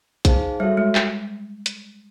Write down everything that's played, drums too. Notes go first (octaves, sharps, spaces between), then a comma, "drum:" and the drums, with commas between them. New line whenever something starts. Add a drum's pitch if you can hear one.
D#4 G#4 C5 F5 A5, drum: kick A#1, hi-hat
G3 F#4 A4 C#5 E5
G#3
drum: clap
drum: hi-hat